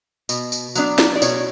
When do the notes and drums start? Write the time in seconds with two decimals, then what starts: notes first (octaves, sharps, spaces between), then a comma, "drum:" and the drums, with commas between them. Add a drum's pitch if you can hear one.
0.29 B2, drum: tambourine
0.52 drum: tambourine
0.75 F#3 B3 D4, drum: tambourine
0.98 drum: snare
1.16 D5
1.22 B2 C#5, drum: tambourine